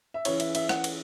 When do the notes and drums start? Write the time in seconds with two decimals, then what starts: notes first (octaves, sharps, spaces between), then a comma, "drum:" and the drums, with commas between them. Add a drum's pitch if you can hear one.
0.14 E5
0.25 E3 C#4 E4 C#5, drum: cymbal
0.40 E5, drum: cymbal
0.55 E5, drum: cymbal
0.69 F#5, drum: rim click
0.84 drum: cymbal